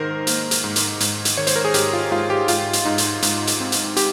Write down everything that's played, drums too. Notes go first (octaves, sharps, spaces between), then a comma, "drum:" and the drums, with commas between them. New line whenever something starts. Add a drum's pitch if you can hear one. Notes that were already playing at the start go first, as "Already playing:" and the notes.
Already playing: G#2 D#3 A#4 C5
A#3, drum: hi-hat
drum: hi-hat
G#2
drum: hi-hat
G#2, drum: hi-hat
drum: hi-hat
D#3 C#5
C5, drum: hi-hat
A#4
G#4
G#2 G4, drum: hi-hat
F4
G#2 F4
G4
G#2 F4, drum: hi-hat
drum: hi-hat
G#2 D#4
drum: hi-hat
G#2, drum: hi-hat
drum: hi-hat
C4
drum: hi-hat
G4, drum: hi-hat